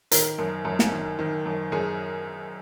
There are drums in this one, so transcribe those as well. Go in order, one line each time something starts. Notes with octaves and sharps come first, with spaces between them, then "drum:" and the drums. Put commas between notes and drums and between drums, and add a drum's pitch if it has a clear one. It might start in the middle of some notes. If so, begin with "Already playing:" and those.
D#3 A#4, drum: hi-hat
F#2
F#2
drum: snare
D#3
D#3
F#2
F#2 G#4